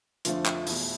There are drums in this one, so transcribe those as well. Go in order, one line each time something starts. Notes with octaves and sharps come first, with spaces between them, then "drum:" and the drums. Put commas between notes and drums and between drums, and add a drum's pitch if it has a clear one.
F2 D3 F3 A3 F4, drum: hi-hat
drum: clap
E2 B2 A3 E4, drum: open hi-hat